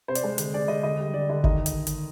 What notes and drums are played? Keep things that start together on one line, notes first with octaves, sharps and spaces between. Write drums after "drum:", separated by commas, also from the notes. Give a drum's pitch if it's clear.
C3 C5
D5, drum: hi-hat
G#3 C5
D3, drum: hi-hat
G#3 D5
D3 D#5
D3 D#5
G3
D3 D5
D3 D#5
D#3 D#5, drum: kick G1
drum: hi-hat
drum: hi-hat